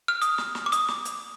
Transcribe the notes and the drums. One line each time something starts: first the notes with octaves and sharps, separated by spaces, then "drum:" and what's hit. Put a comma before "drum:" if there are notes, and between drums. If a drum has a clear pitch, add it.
F6
D#6, drum: hi-hat
drum: snare
drum: snare
D6
D#6, drum: hi-hat
drum: snare
drum: hi-hat